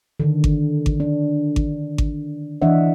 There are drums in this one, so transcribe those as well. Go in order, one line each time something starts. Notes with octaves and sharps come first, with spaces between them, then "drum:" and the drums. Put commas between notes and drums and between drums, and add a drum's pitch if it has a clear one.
D3 D#3
drum: kick G#1
drum: kick G#1
D4
drum: kick G#1
drum: kick G#1
E3 D4 D#5 E5 F#5